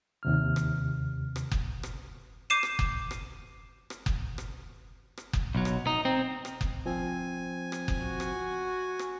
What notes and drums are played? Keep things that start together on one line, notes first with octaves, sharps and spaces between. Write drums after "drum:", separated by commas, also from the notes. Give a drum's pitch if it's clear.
D#2 C3 F6
drum: rim click
drum: rim click
drum: kick F#1
drum: rim click
D6 G6 C7 D#7 E7
drum: rim click
drum: kick F#1
drum: rim click
drum: rim click
drum: kick F#1
drum: rim click
drum: rim click
drum: kick F#1
B1 F#3
drum: rim click
D#4
C4
drum: rim click
drum: kick F#1
F3 C4 G#5
drum: rim click
drum: kick F#1
F#4
drum: rim click
drum: rim click